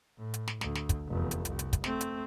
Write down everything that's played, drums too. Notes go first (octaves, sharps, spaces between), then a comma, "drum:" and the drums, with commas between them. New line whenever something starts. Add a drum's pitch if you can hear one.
A2
drum: hi-hat
drum: snare
D2, drum: snare
drum: snare
drum: kick, hi-hat
F1 E2
drum: hi-hat
C2, drum: hi-hat
drum: hi-hat
drum: kick, hi-hat
A3 C4, drum: snare
drum: hi-hat